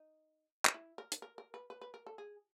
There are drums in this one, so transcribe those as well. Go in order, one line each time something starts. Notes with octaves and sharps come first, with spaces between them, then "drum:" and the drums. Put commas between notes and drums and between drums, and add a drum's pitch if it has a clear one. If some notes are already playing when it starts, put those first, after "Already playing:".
Already playing: D#4
drum: clap
E4
A#4
drum: hi-hat
A#4
A#4
B4
B4
B4
A#4
A4
G#4